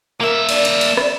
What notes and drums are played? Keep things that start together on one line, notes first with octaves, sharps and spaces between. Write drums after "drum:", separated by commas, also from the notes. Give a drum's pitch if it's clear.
A#3 A#4 E5
D5, drum: cymbal
drum: cymbal
drum: cymbal
drum: rim click